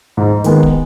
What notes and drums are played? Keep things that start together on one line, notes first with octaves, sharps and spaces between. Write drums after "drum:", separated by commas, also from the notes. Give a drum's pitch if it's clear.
G#2
D#3 G#3 B3, drum: hi-hat
drum: kick